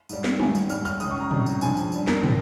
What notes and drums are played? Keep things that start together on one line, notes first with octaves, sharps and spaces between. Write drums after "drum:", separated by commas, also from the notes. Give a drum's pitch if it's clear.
G#2 G3, drum: tambourine
drum: snare
G#2 D#3 G3 G#5, drum: tom
drum: tambourine
G#2 G3 F6, drum: tambourine
F6, drum: tambourine
C#2 C#3 G#3 D#6, drum: tambourine
C#6
A#5
C#2 C3 G3, drum: tom
drum: tambourine
G2 F3 G#3 G#5, drum: tambourine
drum: tambourine
G2 G3, drum: tambourine
A#4, drum: snare
C3 F3, drum: tom